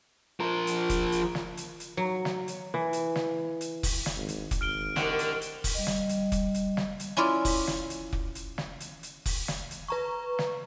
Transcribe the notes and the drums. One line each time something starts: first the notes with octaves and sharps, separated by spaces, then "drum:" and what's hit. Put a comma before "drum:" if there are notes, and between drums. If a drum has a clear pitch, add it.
F3 A#4
drum: hi-hat
drum: kick, hi-hat
drum: hi-hat
drum: snare
drum: hi-hat
drum: hi-hat
F#3
drum: snare
drum: hi-hat
E3
drum: hi-hat
drum: snare
drum: hi-hat
drum: kick, open hi-hat
drum: snare
G#1
drum: hi-hat
drum: kick, hi-hat
G#1 F6 D7 G7
C2 D3 D#3 F#5, drum: snare
drum: hi-hat
drum: hi-hat
drum: kick, open hi-hat
G3 D#5
drum: snare
drum: hi-hat
drum: kick, hi-hat
drum: hi-hat
drum: snare
drum: hi-hat
C#4 E4 F4 D5
drum: kick, open hi-hat
drum: snare
drum: hi-hat
drum: kick
drum: hi-hat
drum: snare
drum: hi-hat
drum: hi-hat
drum: kick, open hi-hat
drum: snare
drum: hi-hat
B4 A#5 C#6
drum: snare